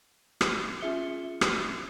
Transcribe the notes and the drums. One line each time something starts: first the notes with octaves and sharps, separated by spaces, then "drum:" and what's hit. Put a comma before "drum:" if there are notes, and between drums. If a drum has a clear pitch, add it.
drum: rim click
C#4 F4 G#4 E5 C#7 G7
drum: rim click